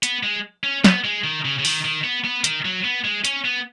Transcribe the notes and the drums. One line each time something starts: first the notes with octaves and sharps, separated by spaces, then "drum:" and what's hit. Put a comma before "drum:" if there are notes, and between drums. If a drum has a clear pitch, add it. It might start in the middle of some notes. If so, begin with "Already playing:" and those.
B3, drum: hi-hat
G#3
C#4
B3, drum: snare
G#3
D#3
C#3
C#3
D#3, drum: open hi-hat
D#3
B3
B3
D#3, drum: hi-hat
F#3
B3
G#3
C#4, drum: hi-hat
B3